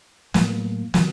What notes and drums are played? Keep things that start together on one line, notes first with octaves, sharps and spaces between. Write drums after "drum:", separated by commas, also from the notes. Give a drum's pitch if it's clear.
A2 F#3 A#3, drum: snare
C3 D#3 F#3, drum: snare